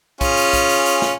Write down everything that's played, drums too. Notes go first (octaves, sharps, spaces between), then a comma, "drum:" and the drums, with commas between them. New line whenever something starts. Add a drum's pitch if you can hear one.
C#4 F4 G#4, drum: kick, hi-hat
drum: hi-hat
drum: kick, hi-hat
drum: hi-hat
drum: hi-hat
drum: snare